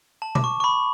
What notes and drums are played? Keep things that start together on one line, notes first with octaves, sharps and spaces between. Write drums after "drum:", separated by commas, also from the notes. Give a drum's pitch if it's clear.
A5
D6, drum: tom B2
C#6
C#6
B5